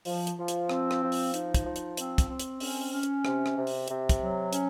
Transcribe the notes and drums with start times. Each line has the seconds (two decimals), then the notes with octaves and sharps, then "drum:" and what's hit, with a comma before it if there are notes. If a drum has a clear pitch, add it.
0.05 F3, drum: open hi-hat
0.27 drum: hi-hat
0.38 F3
0.48 drum: hi-hat
0.69 C4, drum: rim click
0.91 drum: rim click
1.01 F3
1.12 drum: open hi-hat
1.34 D#4, drum: hi-hat
1.54 drum: kick, hi-hat
1.65 F3
1.76 drum: hi-hat
1.97 C4, drum: hi-hat
2.18 drum: kick, hi-hat
2.29 C4
2.39 drum: hi-hat
2.60 C#4, drum: open hi-hat
2.93 C#4
3.03 drum: hi-hat
3.25 C3, drum: rim click
3.46 drum: rim click
3.57 C3
3.67 drum: open hi-hat
3.88 C3, drum: hi-hat
4.09 drum: kick, hi-hat
4.20 F#3
4.53 C#4, drum: hi-hat